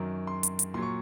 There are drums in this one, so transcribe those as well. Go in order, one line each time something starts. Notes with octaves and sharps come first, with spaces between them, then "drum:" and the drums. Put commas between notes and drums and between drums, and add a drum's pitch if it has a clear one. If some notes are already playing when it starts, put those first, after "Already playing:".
Already playing: F#2 D#3 F#3
C6
drum: hi-hat
drum: hi-hat
A#2 F#3 C6
C#6